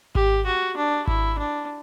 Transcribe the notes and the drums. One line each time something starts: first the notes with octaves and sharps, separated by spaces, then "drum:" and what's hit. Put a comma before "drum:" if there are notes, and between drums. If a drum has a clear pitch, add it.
G4, drum: kick G#1
F#4
D4
E4, drum: kick G#1
D4